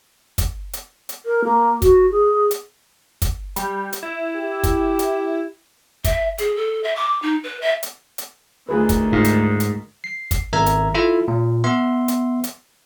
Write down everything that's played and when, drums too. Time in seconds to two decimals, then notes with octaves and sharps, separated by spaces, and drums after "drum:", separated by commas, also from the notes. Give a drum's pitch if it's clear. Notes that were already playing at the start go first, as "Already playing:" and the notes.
0.38 drum: kick, hi-hat
0.73 drum: hi-hat
1.09 drum: hi-hat
1.26 A#4
1.44 A#3
1.82 F#4, drum: kick, hi-hat
2.12 G#4
2.51 drum: hi-hat
3.22 drum: kick, hi-hat
3.56 G3, drum: hi-hat
3.93 drum: hi-hat
4.03 E4
4.36 G4
4.63 drum: kick, hi-hat
4.99 drum: hi-hat
6.04 E5, drum: kick, hi-hat
6.38 G#4, drum: hi-hat
6.56 A4
6.83 E5
6.96 D6
7.22 D#4
7.43 B4
7.61 E5
7.83 drum: hi-hat
8.18 drum: hi-hat
8.69 D2 D#3 F4 G#4 B4
8.89 drum: kick, hi-hat
9.12 G#2 D#4 F4 F5
9.24 drum: hi-hat
9.60 drum: hi-hat
10.04 C7
10.31 drum: kick, hi-hat
10.53 G#1 A#4 E5 A#5 G#6
10.66 drum: hi-hat
10.94 E4 F4 A4 E5
11.28 A#2
11.64 B3 E5 C6
12.08 drum: hi-hat
12.44 drum: hi-hat